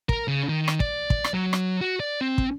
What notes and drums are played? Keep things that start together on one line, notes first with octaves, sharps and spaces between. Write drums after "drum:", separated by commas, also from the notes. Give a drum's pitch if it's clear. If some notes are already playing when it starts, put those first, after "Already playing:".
A#4, drum: kick
C#3
D#3
drum: rim click
D5, drum: kick
drum: kick
drum: rim click
F#3
drum: rim click
F#4
D5
C4
drum: kick